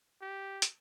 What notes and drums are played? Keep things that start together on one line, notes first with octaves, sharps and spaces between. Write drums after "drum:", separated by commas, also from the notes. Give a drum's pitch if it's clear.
G4
drum: hi-hat